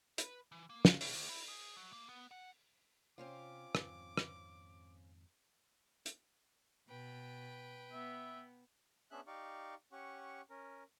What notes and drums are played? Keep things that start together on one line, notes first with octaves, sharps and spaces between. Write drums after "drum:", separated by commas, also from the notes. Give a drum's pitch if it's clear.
B4, drum: hi-hat
E3
A#3
F5, drum: snare
B2, drum: open hi-hat
D2
E4
G#4
F#3
A#3
B3
F#5
C3 C4 C#4 F4 D6
F2 G#2 D#3, drum: rim click
drum: rim click
drum: hi-hat
B2 B4 G5
B3 E5
B3 C#4 D4 G#4 E5 F#6
D#4 G4 D5 F5 C#6
C#4 G4 F#5 C#6
C#4 A#4